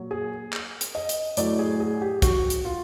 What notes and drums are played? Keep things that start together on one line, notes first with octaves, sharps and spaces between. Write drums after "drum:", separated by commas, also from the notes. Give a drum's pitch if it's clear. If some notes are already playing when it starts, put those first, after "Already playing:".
Already playing: A#2 F#3
G#4
drum: clap
drum: hi-hat
D#5
drum: hi-hat
A2 F#3 D5, drum: hi-hat
G#4
G#4
G4
F#4, drum: kick, hi-hat
drum: hi-hat
F4